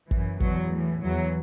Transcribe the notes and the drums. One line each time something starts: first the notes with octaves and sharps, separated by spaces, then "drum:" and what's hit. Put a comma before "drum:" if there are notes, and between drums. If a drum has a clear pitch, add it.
F#2 E3, drum: kick
E2 B2 F#3, drum: kick
A2 E3
E2 E3 F#3